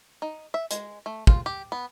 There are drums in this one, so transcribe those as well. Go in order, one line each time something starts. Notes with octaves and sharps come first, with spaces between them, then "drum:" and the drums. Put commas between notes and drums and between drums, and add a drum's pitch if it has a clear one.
D#4
E5
G#3, drum: hi-hat
A3
F4, drum: kick
G4
B3